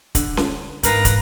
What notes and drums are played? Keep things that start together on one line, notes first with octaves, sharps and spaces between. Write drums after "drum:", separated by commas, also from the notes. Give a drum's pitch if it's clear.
D3, drum: kick, hi-hat
drum: snare C#4
G#2 D#4 A#4 B4 F5 G5 A#5, drum: hi-hat
drum: kick, hi-hat